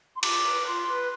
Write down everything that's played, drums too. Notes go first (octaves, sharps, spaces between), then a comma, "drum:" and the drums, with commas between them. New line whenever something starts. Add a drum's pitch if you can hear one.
C6
F4 D6, drum: cymbal
B4
F4 C6
B4